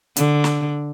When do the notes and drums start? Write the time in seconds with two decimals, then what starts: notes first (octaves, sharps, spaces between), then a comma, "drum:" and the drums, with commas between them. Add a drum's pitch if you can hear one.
0.16 D3, drum: hi-hat
0.44 drum: snare